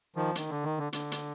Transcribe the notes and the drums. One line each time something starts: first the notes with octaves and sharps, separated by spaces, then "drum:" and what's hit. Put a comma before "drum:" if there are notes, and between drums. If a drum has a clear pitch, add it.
D#3 F3
D#3, drum: hi-hat
D3
D#3
D3
D3, drum: hi-hat
drum: hi-hat